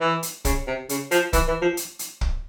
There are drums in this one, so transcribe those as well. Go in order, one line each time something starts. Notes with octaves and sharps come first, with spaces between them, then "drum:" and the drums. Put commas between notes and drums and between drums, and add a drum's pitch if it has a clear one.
E3
drum: hi-hat
C#3, drum: kick, hi-hat
C3
C#3, drum: hi-hat
F3, drum: hi-hat
E3, drum: kick, hi-hat
E3
F3
drum: hi-hat
drum: hi-hat
drum: kick